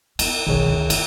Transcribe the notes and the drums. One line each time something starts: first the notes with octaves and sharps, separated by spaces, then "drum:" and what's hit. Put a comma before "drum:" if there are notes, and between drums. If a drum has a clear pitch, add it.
B3, drum: cymbal
B1 E2 D#3 G#4 C#5
D2
A#3, drum: cymbal